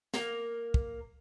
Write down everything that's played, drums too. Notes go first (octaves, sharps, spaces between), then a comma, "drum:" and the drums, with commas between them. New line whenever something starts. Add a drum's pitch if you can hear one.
A#3 A#4, drum: snare
drum: kick